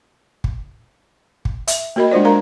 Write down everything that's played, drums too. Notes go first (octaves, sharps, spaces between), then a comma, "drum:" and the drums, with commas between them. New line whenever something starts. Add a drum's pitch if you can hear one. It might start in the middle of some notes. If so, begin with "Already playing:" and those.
drum: kick
drum: kick
E5, drum: hi-hat
A#3 F#4 A#4 D#5 B5
G#3 D4 F4 C5 D5
D4 A#4 F5 A#5